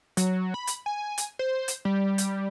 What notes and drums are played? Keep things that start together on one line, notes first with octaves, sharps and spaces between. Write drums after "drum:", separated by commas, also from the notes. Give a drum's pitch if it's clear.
F#3, drum: hi-hat
B5
drum: hi-hat
G#5
drum: hi-hat
C5
drum: hi-hat
G3
drum: hi-hat